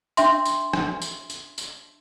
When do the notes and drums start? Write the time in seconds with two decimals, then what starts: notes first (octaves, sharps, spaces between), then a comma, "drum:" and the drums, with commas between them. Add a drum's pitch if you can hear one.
0.17 D4 E5 C6, drum: tambourine
0.45 drum: tambourine
0.73 drum: rim click
1.02 drum: tambourine
1.30 drum: tambourine
1.58 drum: tambourine